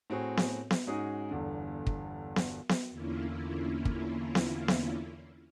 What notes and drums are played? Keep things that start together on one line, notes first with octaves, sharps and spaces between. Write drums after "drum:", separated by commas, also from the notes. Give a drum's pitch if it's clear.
A2 C4 F#4 G#4
drum: snare B3
drum: snare B3
G#2 C#4 D#4 F#4 G#4
G1 E2 D3
drum: kick
drum: snare B3
drum: snare B3
E2 D3 A#3 C#4 E4 F4
drum: kick
drum: snare B3
drum: snare B3